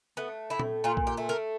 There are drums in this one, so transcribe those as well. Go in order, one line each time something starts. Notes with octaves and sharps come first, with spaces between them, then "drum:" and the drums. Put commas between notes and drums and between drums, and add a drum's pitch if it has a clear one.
A3 B3
A2 E4
drum: tom A#2
A#2 F4
drum: kick A#1
G4
A3
A#4